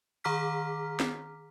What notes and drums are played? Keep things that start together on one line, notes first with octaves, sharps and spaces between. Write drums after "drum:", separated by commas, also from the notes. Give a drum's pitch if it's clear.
D#3 G#4 A#5 D6 F6 B6
drum: snare